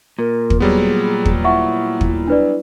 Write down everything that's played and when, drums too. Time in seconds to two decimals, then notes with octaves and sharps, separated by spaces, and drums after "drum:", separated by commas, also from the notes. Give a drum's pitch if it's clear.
0.19 A#2 A#4
0.50 drum: kick
0.60 F#3 G3 B3 G#4
1.25 drum: kick
1.44 E4 E5 F#5 C#6
2.01 drum: kick
2.28 D4 B4 D5